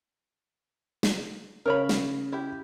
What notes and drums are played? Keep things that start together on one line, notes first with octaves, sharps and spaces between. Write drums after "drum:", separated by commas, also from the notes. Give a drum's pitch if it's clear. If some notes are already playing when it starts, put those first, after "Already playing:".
drum: snare
C#3 A#4 C#5 B5
drum: snare
E4 G4